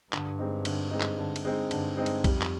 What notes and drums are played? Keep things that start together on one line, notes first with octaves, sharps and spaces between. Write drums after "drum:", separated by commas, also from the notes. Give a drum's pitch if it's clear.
G2 D3, drum: clap
G#3 C4 D#4
D3, drum: cymbal
G#3 C4 D#4
drum: clap
D3
drum: cymbal
G#3 C4 D#4
G2 D3, drum: cymbal
G#3 C4 D#4
drum: cymbal
F2 G3, drum: kick A#1, cymbal
drum: clap